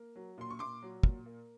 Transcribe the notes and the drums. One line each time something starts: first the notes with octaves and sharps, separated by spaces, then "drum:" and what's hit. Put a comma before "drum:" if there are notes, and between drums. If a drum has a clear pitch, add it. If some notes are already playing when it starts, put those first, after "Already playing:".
Already playing: A#3
F#3
A#2 C6
C#6
A#2 C6 D6
F#3
A#2, drum: kick
A#3